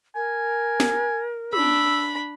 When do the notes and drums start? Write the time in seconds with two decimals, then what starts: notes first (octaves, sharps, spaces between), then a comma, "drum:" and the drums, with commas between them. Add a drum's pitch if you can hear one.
0.16 A#4 G#5
0.80 drum: snare
1.53 D4 B5 E6, drum: tom